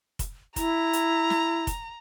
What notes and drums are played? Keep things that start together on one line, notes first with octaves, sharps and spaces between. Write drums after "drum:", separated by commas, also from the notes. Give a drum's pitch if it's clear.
drum: kick F1, hi-hat
E4 A#5, drum: kick F1, hi-hat
drum: hi-hat
drum: snare
drum: kick F1, hi-hat